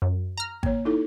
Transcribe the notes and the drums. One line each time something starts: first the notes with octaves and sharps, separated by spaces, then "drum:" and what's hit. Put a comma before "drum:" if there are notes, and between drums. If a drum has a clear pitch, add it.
F#2
A#5 F6
A#3 C#5, drum: kick G#1
D#4 E4 A4